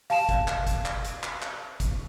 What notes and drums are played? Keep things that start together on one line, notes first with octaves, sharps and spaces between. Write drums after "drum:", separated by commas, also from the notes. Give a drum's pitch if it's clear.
F5 A5 E7, drum: open hi-hat
drum: kick, hi-hat
drum: clap
drum: kick, hi-hat
drum: clap
drum: hi-hat
drum: clap
drum: clap
drum: kick, hi-hat